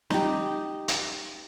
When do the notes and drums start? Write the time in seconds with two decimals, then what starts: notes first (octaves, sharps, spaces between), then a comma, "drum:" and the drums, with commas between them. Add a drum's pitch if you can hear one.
0.10 D#4 G4, drum: snare
0.88 drum: hi-hat